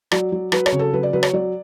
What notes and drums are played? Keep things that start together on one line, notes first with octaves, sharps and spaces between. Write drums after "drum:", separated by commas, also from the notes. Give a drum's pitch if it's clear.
F#3 D5, drum: rim click
F#3
F#3 B4, drum: rim click
C#5, drum: rim click
C#3
A4
F#3 B4
D5
F#3 B4
C#5, drum: rim click
F#3 D5